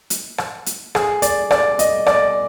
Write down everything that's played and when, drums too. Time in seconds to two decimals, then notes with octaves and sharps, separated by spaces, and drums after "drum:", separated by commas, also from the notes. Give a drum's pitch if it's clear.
0.10 drum: hi-hat
0.38 drum: rim click
0.66 drum: hi-hat
0.95 G#4, drum: rim click
1.22 D5, drum: hi-hat
1.51 D5, drum: rim click
1.79 D#5, drum: hi-hat
2.06 D5, drum: rim click